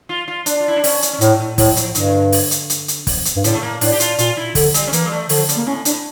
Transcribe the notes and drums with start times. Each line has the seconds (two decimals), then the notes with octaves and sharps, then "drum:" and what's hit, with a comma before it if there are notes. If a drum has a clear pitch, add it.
0.09 F4
0.28 F4
0.46 D4, drum: hi-hat
0.60 F4
0.68 E4
0.76 D4
0.84 C#4, drum: open hi-hat
1.02 drum: hi-hat
1.13 C#4
1.21 A2 A#3, drum: hi-hat
1.40 A3
1.58 A2 G3, drum: kick, open hi-hat
1.76 F3, drum: hi-hat
1.95 G2 D3, drum: hi-hat
2.32 drum: open hi-hat
2.51 drum: hi-hat
2.70 drum: hi-hat
2.88 drum: hi-hat
3.07 drum: kick, open hi-hat
3.25 drum: hi-hat
3.36 G2
3.44 A2 C#3, drum: hi-hat
3.54 A3
3.63 A#3
3.81 A2 D4, drum: open hi-hat
3.92 G4
4.00 F4, drum: hi-hat
4.18 A#2 F4, drum: hi-hat
4.37 E4
4.55 D3, drum: kick, open hi-hat
4.74 G3, drum: hi-hat
4.87 C#4
4.93 E3 A#3, drum: hi-hat
5.06 G3
5.12 A3
5.29 D3 F3, drum: open hi-hat
5.49 C#3, drum: hi-hat
5.57 A#3
5.67 A2 C#4
5.85 A2 D4, drum: hi-hat